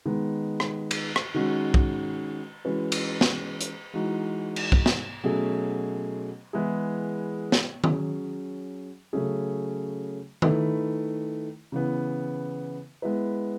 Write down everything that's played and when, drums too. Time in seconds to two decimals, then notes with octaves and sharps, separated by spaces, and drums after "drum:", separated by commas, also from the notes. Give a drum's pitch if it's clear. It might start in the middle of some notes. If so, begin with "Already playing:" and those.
0.06 D#3 G#3 B3
0.60 drum: rim click
0.91 drum: cymbal
1.16 drum: rim click
1.34 D#3 G#3 C#4 F#4
1.74 drum: kick
2.64 E3 G#3 C#4 F#4 B4
2.92 drum: cymbal
3.21 drum: snare
3.61 drum: hi-hat
3.93 E3 G#3 D#4 F#4
4.56 drum: cymbal
4.72 drum: kick
4.86 drum: snare
5.24 B2 F#3 A3 C#4 G#4
6.53 E3 G#3 B3 E4 G#4
7.52 drum: snare
7.84 F#3 C#4 G#4, drum: tom D#3
9.13 C#3 F#3 A3 C#4 G#4
10.42 D#3 A3 E4 B4, drum: tom D#3
11.72 C#3 E3 B3
13.02 G#3 B3 E4 B4